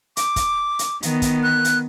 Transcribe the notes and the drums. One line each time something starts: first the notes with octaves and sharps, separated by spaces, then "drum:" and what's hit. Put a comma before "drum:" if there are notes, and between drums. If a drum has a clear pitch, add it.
D6, drum: hi-hat
drum: kick, hi-hat
drum: hi-hat
D#3 B3, drum: hi-hat
drum: kick, hi-hat
F#6
drum: hi-hat